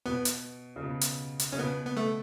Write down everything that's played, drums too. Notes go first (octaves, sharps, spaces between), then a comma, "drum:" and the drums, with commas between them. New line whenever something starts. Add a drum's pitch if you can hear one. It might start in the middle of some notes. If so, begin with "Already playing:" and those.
B2 B3
drum: hi-hat
C#3
B2
drum: hi-hat
drum: hi-hat
C#3 C#4
B2 B3
B3
A3